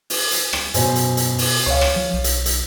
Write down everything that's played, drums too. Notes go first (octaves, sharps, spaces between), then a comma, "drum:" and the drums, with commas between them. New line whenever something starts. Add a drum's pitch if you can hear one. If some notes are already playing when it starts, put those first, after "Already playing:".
drum: open hi-hat
drum: hi-hat
drum: rim click
F#2 B2 C5 G#5, drum: hi-hat
drum: hi-hat
drum: hi-hat
drum: open hi-hat
C#2 C#5 F5
drum: rim click
F3
B1
drum: hi-hat
drum: hi-hat